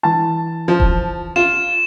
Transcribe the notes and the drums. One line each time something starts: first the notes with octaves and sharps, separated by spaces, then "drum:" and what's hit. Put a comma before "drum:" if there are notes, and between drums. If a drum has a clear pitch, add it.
E3 A5
F3
drum: kick D#1
F4 E7